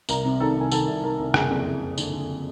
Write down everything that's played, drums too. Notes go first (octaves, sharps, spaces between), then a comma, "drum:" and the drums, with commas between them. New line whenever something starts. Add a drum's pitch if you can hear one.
C2 A#4 A#5, drum: tambourine
C3
D#3 A4 A5
C2 G#5
D#3 A4 A5, drum: tambourine
C2
D#3 A#4 A#5
C2
F#1 G#4 G#5, drum: rim click
F2
F#1
F#1
D3, drum: tambourine
D3